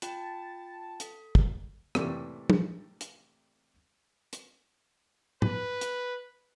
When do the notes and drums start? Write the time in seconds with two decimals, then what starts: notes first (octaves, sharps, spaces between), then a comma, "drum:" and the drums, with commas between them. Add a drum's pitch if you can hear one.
0.02 F4 G5 A5, drum: hi-hat
1.00 A4, drum: hi-hat
1.35 drum: kick
1.95 A2 C3 E3 G3 A3 A#3, drum: rim click
2.50 drum: tom
3.01 drum: hi-hat
4.33 drum: hi-hat
5.42 B4, drum: tom G#2
5.81 drum: hi-hat